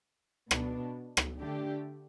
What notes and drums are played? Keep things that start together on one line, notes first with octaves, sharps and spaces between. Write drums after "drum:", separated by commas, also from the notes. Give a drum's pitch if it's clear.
B2 B3 D4, drum: rim click
drum: rim click
D3 A3 D4 G4